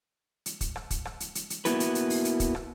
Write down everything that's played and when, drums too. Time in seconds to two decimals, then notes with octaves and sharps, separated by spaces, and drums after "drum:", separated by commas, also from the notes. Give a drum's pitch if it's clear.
0.46 drum: hi-hat
0.61 drum: kick, hi-hat
0.76 drum: rim click
0.90 drum: kick, hi-hat
1.05 drum: rim click
1.20 drum: hi-hat
1.35 drum: hi-hat
1.50 drum: hi-hat
1.65 A#3 B3 E4 F#4 B4, drum: hi-hat
1.80 drum: hi-hat
1.95 drum: hi-hat
2.10 drum: open hi-hat
2.25 drum: hi-hat
2.40 drum: kick, hi-hat
2.55 drum: rim click